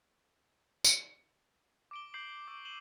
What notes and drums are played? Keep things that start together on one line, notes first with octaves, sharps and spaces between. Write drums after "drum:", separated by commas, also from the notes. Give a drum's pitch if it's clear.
drum: tambourine
D6 D7 G7
D6 G6 C7 F#7
C#6 D6 E6
D#7 E7 F#7 G7